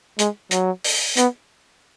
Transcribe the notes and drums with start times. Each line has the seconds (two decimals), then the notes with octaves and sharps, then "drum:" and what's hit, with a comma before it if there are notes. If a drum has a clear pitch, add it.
0.19 G#3, drum: hi-hat
0.51 F#3, drum: hi-hat
0.84 drum: open hi-hat
1.17 B3, drum: hi-hat